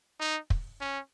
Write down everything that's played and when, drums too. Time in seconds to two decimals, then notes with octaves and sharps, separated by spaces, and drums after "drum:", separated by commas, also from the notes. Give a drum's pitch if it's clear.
0.20 D#4
0.50 drum: kick
0.81 C#4